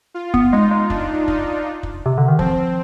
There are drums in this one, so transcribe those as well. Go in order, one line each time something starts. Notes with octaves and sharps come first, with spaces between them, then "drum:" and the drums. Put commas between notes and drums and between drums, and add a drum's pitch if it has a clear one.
F4
B3, drum: kick
G#3 D#4
G#3
D4, drum: kick
D#4, drum: kick
drum: kick
C3
D3
D#3
F3 C4, drum: kick